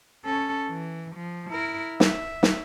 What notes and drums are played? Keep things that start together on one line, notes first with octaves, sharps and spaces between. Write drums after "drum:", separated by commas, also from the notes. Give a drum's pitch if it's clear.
C#4 A4
E3
F3
E4 A#4
E5, drum: snare
drum: snare